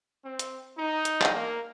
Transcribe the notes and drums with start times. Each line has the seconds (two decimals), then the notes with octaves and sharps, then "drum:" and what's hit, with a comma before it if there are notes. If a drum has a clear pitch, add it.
0.23 C4
0.39 drum: hi-hat
0.77 D#4
1.05 drum: hi-hat
1.22 drum: clap
1.34 A#3